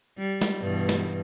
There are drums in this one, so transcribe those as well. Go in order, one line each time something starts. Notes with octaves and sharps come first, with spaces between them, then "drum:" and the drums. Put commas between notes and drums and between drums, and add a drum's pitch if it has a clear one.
G3
drum: snare
G2 B2 E3
drum: snare